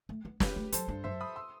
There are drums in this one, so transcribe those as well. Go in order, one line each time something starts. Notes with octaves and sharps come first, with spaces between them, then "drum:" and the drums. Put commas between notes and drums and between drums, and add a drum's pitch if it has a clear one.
A3
B3
B3 G4 B4, drum: snare
A3
F#3 A4 C5, drum: hi-hat
G2
F#2 C5 E5
B5 D#6
C6 E6